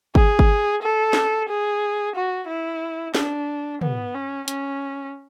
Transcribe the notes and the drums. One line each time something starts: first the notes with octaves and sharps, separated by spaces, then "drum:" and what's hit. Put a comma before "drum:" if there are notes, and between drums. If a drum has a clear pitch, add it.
G#4, drum: kick G1
drum: kick G1
A4
drum: snare
G#4
F#4
E4
D4, drum: snare
B3, drum: tom
C#4
C#4, drum: hi-hat